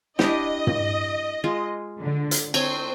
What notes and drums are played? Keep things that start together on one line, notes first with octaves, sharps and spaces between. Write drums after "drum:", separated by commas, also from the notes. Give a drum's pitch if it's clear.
D4 E4 G4 D#5, drum: snare
drum: tom
G#3 F4
D3
drum: hi-hat
C4 C#5 G#5, drum: cymbal